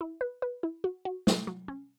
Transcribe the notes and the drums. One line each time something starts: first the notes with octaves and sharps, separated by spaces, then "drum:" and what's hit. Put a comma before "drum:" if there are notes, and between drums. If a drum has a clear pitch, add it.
E4
B4
B4
E4
F#4
F#4
F#3, drum: snare
F#3
C#4